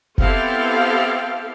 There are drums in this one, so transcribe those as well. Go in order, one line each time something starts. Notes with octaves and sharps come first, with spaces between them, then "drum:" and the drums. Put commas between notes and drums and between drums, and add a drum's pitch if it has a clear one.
B3 C4 E4 G4 A4 F5, drum: kick F#1